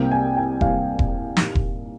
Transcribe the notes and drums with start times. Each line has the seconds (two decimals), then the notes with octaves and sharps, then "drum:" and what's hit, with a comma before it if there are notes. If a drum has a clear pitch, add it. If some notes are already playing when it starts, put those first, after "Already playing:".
Already playing: C2 C3 G3 A#3 G5
0.11 G#5
0.37 G5
0.61 C2 C3 G3 A#3 F5, drum: kick E1
0.99 drum: kick E1
1.37 A#2 G3 A#3 D#4, drum: snare
1.55 drum: kick E1